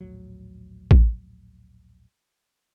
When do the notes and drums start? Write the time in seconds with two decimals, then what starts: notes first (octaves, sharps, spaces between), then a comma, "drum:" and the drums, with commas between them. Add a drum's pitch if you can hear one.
0.01 A#1 D#2 A2 F#3
0.91 drum: kick A1